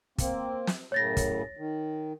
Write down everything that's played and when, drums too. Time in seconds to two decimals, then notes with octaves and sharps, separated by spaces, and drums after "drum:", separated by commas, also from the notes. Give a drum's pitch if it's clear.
0.18 A#3 C4, drum: kick, hi-hat
0.67 drum: snare
0.92 F#2 A2 C#3 C#5 A6 A#6
1.17 drum: kick, hi-hat
1.57 D#3